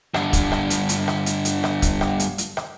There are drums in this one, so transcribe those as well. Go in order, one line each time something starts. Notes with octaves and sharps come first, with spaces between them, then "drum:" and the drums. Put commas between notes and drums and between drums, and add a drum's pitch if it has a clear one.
G2 D3, drum: rim click
drum: kick, hi-hat
drum: rim click
drum: hi-hat
drum: hi-hat
drum: rim click
drum: hi-hat
drum: hi-hat
drum: rim click
drum: kick, hi-hat
drum: rim click
drum: hi-hat
drum: hi-hat
drum: rim click